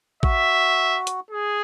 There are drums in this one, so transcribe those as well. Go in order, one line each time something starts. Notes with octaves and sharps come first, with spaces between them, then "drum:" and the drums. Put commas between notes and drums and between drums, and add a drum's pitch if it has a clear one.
F#4 E5, drum: kick A1
drum: hi-hat
G#4